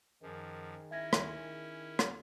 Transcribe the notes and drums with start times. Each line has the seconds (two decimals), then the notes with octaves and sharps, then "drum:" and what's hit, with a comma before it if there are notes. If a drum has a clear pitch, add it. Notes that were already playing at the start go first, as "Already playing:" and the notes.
0.22 F#2 D#3 F3 G#4
0.91 C#4 E4 E5 G#6 A#6
1.13 drum: rim click
1.99 drum: rim click